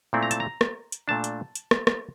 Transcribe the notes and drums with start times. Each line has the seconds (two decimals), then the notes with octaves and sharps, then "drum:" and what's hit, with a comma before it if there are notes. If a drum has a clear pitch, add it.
0.13 A#2 A3 C4 E4
0.23 A#5
0.31 A5, drum: hi-hat
0.40 A#5
0.61 drum: rim click
0.92 drum: hi-hat
1.08 A#2 A3 D4 A5
1.24 drum: hi-hat
1.55 drum: hi-hat
1.71 drum: rim click
1.87 drum: rim click